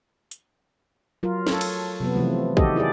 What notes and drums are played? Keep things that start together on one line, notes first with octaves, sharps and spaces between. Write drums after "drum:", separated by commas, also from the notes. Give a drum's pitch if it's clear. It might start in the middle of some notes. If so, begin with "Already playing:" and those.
drum: hi-hat
F#3 F4 A#4
A4 C#5, drum: snare
drum: cymbal
C3 F#3 B3
C3 E3 F3 A3
D#3 F#4 G4 A4 D#5, drum: kick
E4 G4 G#4 D5